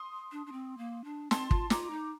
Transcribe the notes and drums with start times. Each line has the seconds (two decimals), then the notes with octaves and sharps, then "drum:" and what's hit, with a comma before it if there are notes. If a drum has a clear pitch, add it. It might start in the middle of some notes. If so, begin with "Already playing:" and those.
Already playing: C6 D#6
0.32 D4
0.46 D4
0.52 C4
0.78 A#3
1.04 D4
1.31 C4 A5 C6, drum: snare
1.51 F4, drum: kick
1.70 F4 A#5 D6, drum: snare
1.90 D#4